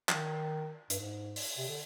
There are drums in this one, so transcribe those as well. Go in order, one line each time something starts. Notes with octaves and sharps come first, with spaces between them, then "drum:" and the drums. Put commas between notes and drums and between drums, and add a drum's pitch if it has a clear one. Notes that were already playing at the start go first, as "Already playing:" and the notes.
F3, drum: clap
D#3
G2, drum: hi-hat
G#2
drum: open hi-hat
C3
D3